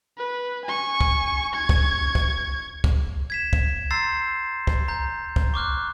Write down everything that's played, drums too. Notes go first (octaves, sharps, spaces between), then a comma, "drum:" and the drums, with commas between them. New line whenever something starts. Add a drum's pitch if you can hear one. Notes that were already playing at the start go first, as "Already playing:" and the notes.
B4
G#5 C#6
drum: kick
C#6 G#6
drum: kick
drum: kick
drum: kick
G#6 B6 E7
drum: kick
A#5 C6 E6 G6 A6 C7
drum: kick
A#5 G6
drum: kick
C#6 D6 F6 F#6